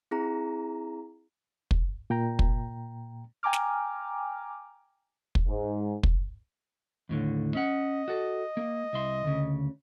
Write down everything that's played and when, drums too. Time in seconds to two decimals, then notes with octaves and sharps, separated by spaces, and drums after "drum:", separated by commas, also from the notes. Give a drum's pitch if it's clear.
0.11 C4 E4 G#4 A#5
1.71 drum: kick
2.10 A#2 G5 A#5
2.39 drum: kick
3.43 G5 G#5 A#5 D6 F6
3.53 drum: snare
5.35 drum: kick
5.48 G#2
6.03 drum: kick
7.09 D#2 A2 D3
7.55 C#4 D#5 F#5
8.08 F#4 A4
8.57 A#3
8.93 C2 E5 C6
9.25 D2 C#3